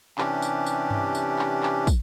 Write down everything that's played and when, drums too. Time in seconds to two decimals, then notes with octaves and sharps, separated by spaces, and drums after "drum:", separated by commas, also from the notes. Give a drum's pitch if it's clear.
0.18 C3 E3 C#4 D4 G4, drum: clap
0.42 drum: tambourine
0.66 drum: tambourine
0.91 drum: tom G2
1.15 drum: tambourine
1.39 drum: clap
1.63 drum: clap
1.87 drum: kick, tambourine